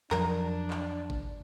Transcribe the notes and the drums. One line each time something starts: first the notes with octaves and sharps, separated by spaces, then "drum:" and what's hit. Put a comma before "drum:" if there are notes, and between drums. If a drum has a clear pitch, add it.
F2 F3 F#3 D4 A#4, drum: clap
drum: clap
drum: kick G1